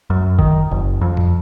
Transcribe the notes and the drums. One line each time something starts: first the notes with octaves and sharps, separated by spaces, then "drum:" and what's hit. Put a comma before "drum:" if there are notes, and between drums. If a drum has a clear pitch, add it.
F#2
D#3, drum: kick F#1
F#1
F2
drum: tom